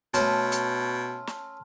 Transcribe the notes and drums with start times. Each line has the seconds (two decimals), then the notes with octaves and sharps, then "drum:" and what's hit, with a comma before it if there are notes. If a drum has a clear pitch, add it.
0.14 B2 A3 C#4 A5 C6 F6, drum: hi-hat
0.52 drum: hi-hat
1.27 drum: snare